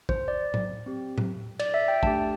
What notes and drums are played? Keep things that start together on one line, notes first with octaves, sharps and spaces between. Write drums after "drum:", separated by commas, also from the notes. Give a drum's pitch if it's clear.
C5, drum: kick
D5
drum: tom A2
C4 G4
drum: tom A2
D5, drum: cymbal
E5
G5
A3 D4 G4 A5, drum: kick